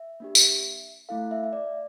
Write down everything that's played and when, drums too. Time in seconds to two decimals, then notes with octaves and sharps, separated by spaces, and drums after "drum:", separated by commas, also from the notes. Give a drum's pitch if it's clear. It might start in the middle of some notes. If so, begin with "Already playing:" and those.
Already playing: E5
0.20 A#3 D4 G4
0.35 drum: tambourine
1.09 A3 E4 A4 F5
1.31 E5
1.44 E5
1.53 D5